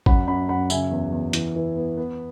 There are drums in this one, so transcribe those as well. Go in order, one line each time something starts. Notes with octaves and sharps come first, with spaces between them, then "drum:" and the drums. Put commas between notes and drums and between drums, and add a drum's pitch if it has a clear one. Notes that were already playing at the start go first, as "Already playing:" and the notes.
F#2 F#5 B5, drum: kick G#1
F#2 F#5 B5
F#2 F#5 B5
C#3 E5 G#5, drum: tambourine
E2
E2
E3, drum: hi-hat
E3
B3
B3